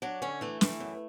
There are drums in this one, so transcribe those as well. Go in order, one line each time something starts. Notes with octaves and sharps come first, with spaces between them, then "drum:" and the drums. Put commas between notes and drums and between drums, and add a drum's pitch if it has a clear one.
F#3 D4
D3 C#4
E3 A3
E3, drum: snare
F#2